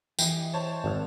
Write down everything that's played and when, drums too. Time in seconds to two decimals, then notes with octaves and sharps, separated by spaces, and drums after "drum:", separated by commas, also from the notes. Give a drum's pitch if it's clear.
0.19 E3 G4 D#5 G5, drum: tambourine
0.54 C5 C#5 A5
0.84 G#1